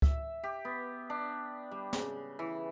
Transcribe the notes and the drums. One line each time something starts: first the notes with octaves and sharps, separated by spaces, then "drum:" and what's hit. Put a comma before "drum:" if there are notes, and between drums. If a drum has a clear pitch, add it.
E5, drum: kick C#2
G4
B3
D4
G3
C#3, drum: snare
E3